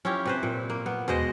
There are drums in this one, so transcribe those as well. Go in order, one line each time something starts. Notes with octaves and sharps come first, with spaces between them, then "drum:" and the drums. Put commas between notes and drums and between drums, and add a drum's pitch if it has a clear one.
C#4 E4 F4 G4
C3 B4 C5
A#2
A#3
B3
B2 G#3 C5 D#5, drum: tom D#2